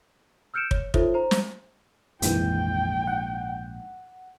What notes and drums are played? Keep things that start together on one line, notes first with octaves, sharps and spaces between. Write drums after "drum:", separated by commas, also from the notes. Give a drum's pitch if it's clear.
E6 F6 G6 C#7 D7 E7
C#5, drum: kick
D#4 F4 A4 C5 C#5 E5, drum: kick
C5 A#5
drum: snare
A#1 F2 G#2 D#3 E3 G5, drum: hi-hat
F#5